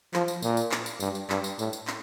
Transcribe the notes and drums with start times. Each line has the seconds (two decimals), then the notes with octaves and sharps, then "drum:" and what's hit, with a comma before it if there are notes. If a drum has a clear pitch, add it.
0.14 F3, drum: clap
0.28 drum: tambourine
0.42 A#2, drum: tambourine
0.57 drum: tambourine
0.71 drum: clap
0.86 drum: tambourine
1.00 G2, drum: tambourine
1.15 drum: tambourine
1.30 G2, drum: clap
1.44 drum: tambourine
1.59 A2, drum: tambourine
1.73 drum: tambourine
1.87 drum: clap